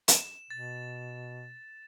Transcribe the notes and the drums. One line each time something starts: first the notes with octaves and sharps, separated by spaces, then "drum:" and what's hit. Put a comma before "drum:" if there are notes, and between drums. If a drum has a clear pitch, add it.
E7, drum: hi-hat
B2 A6